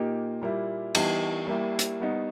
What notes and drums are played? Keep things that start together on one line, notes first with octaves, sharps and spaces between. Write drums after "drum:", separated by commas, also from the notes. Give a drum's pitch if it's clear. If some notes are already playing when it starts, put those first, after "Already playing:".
Already playing: A#2 A#3 D#4 G4
A#2 G3 A#3 E4
E3 G3 B3 D#4 G4, drum: cymbal
G3 A#3 E4 G4
drum: hi-hat
G3 B3 D#4